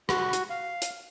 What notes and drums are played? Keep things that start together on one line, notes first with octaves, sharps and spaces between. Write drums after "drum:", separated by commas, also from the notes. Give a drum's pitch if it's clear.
F#4, drum: rim click
drum: hi-hat
F5
drum: hi-hat